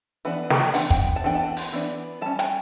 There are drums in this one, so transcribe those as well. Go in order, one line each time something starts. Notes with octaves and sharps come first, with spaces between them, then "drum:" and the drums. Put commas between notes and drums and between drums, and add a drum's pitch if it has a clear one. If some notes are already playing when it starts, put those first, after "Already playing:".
E3 B3 D4 B4
G5, drum: snare
E3 B3 D4 F#5, drum: open hi-hat
G5, drum: kick
A5
E3 B3 D4 G5
A5
drum: open hi-hat
E3 B3 D4
G3 C#4 A5
G5, drum: hi-hat